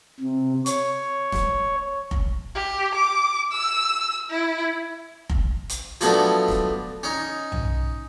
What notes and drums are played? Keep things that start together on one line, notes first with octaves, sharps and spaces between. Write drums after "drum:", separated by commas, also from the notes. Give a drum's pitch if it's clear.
C3
C#5, drum: hi-hat
drum: snare
drum: kick F1
G4
D6
E6
E4
drum: kick F1
drum: hi-hat
F3 F#3 A3 B3 D4, drum: hi-hat
drum: snare
C#4 D#4
drum: tom B1